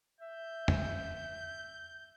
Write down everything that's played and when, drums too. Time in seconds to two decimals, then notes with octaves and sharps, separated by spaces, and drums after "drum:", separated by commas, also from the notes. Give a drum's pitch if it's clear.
0.20 E5 G6
0.68 drum: tom